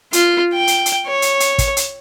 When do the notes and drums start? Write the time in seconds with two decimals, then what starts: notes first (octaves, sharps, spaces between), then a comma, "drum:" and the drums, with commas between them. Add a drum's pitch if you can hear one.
0.13 F4, drum: hi-hat
0.54 G5
0.67 drum: hi-hat
0.86 drum: hi-hat
1.07 C#5
1.22 drum: hi-hat
1.40 drum: hi-hat
1.58 drum: kick, hi-hat
1.77 drum: hi-hat